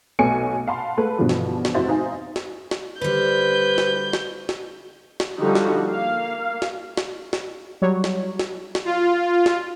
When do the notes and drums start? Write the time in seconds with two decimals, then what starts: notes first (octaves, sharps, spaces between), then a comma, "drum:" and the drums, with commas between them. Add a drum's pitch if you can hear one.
0.19 B1 A3 B3 C#5 G#5 C#7
0.67 F5 F#5 A5 B5 C6
0.97 G#3 A3 A4 B4
1.18 G2 B2 D3 E3 F3
1.29 drum: snare
1.65 drum: snare
1.75 F1 E4 F#4 C5 E5 A6
1.88 D#4 C5 F5 G#5
2.36 drum: snare
2.71 drum: snare
3.01 D3 G3 B4 C5 G6
3.78 drum: snare
4.13 drum: snare
4.49 drum: snare
5.20 drum: snare
5.38 D3 F3 G3 D#4 F#4 G4
5.55 drum: snare
5.86 A#3 F5
6.62 drum: snare
6.97 drum: snare
7.33 drum: snare
7.82 F#3 G3 C#5
8.04 drum: snare
8.39 drum: snare
8.75 drum: snare
8.85 F4
9.46 drum: snare